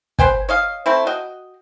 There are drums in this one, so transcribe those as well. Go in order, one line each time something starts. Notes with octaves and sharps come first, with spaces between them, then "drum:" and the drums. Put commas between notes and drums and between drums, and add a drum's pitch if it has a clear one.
B4 C5 G5 G#5, drum: kick
C#5 D#5 F5
A3 C4 E4
F#4 D#5 G5